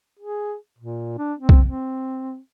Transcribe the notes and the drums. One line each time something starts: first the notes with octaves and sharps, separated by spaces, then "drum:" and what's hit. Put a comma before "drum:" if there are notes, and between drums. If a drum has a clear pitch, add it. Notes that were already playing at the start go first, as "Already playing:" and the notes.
G#4
A#2
D4
C4
drum: kick B1
C4